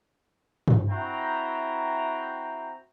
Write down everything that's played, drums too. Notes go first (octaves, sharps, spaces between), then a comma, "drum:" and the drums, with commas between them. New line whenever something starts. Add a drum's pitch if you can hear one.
drum: tom
C4 E4 F#4 G5 A#5